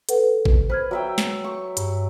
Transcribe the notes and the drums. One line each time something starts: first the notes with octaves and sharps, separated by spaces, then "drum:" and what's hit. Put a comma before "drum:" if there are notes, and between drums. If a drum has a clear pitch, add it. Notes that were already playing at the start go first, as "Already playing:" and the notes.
A4 B4 F#5, drum: hi-hat
drum: kick G#1
B4 C5 F6 G#6
F#3 E5 G5
drum: snare
C#6
G2, drum: hi-hat